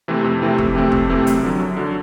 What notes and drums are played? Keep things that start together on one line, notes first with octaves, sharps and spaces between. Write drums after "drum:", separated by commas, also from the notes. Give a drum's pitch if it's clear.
C3 E3 A3 C4
F2
C3 E3 A3 C4
F2, drum: kick
C3 E3 A3 C4
F2, drum: kick
C3 E3 A3 C4
F#2, drum: hi-hat
D3 F#3
F#2
D3 F#3